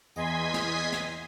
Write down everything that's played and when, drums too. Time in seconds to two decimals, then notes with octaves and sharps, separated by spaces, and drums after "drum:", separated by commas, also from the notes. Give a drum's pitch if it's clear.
0.16 E2 D#5 G#5 C6 G#6 B6, drum: cymbal
0.54 drum: snare
0.92 drum: snare